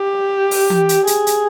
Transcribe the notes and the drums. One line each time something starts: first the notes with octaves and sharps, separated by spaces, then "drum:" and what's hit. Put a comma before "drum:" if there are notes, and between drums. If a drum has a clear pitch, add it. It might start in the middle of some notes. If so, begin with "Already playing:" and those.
Already playing: G4
drum: open hi-hat
drum: tom E3
drum: hi-hat
G#4, drum: hi-hat
drum: hi-hat